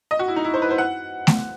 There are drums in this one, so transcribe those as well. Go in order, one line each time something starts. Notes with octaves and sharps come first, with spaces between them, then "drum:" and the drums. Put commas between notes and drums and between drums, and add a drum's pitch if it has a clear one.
D#5
F#4
E4
D#4
E4
C5
B4
C5
F#5
drum: snare A3